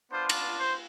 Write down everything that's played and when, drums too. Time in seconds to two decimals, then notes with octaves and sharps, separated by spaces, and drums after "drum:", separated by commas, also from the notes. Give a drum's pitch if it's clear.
0.11 B3 D4 F4 C5
0.29 drum: cymbal
0.58 C5